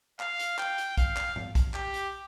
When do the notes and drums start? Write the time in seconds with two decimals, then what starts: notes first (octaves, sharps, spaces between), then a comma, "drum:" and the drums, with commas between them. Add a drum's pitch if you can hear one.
0.20 F5, drum: clap
0.39 drum: hi-hat
0.59 G5, drum: clap
0.78 drum: hi-hat
0.98 F5, drum: kick, hi-hat
1.17 drum: clap
1.36 drum: tom G#2
1.55 drum: kick, hi-hat
1.74 G4, drum: clap
1.94 drum: hi-hat